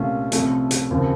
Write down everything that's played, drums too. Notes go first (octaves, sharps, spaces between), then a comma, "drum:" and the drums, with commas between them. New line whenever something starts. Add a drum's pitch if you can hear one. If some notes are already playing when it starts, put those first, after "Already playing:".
Already playing: C2 A#2 A3 C#4 F4
C2 C3 F3 A3 C#4, drum: hi-hat
drum: hi-hat
D#2 C#3 F3 C4